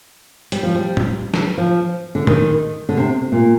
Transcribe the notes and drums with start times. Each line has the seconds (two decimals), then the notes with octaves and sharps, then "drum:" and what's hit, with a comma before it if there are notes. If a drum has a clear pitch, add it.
0.52 G3, drum: hi-hat
0.63 F3
0.75 G3
0.97 drum: tom
1.34 drum: snare
1.58 F3
2.15 D3
2.27 D#3, drum: tom
2.89 D3
2.97 C3
3.32 A#2